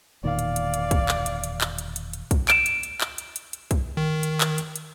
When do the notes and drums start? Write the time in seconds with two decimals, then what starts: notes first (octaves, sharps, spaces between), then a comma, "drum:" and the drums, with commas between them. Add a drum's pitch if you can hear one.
0.24 E1 A#2 D#3 D5 F5
0.39 drum: hi-hat
0.56 drum: hi-hat
0.74 drum: hi-hat
0.91 drum: kick B1, hi-hat
1.09 drum: clap
1.26 drum: hi-hat
1.44 drum: hi-hat
1.61 drum: clap
1.78 drum: hi-hat
1.96 drum: hi-hat
2.13 drum: hi-hat
2.31 drum: kick B1, hi-hat
2.48 D7 E7, drum: clap
2.66 drum: hi-hat
2.83 drum: hi-hat
3.01 drum: clap
3.18 drum: hi-hat
3.36 drum: hi-hat
3.53 drum: hi-hat
3.71 drum: kick B1, hi-hat
3.97 D#3
4.23 drum: hi-hat
4.41 drum: clap
4.58 drum: hi-hat
4.76 drum: hi-hat